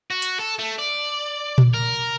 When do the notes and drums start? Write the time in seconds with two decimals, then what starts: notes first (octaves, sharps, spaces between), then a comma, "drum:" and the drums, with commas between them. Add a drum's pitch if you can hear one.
0.10 F#4
0.22 drum: hi-hat
0.39 A4
0.59 A3
0.78 D5
1.58 drum: tom A#2
1.73 A#4